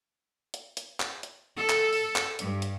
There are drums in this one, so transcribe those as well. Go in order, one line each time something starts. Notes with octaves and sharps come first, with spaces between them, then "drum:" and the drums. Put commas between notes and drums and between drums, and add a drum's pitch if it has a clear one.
drum: hi-hat
drum: hi-hat
drum: clap
drum: hi-hat
A4
drum: clap
drum: open hi-hat
drum: clap
G2, drum: hi-hat
drum: hi-hat